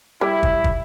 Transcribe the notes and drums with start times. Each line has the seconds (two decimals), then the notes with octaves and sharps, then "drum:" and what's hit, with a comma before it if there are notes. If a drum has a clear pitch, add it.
0.21 G3 E4
0.43 drum: kick
0.64 drum: kick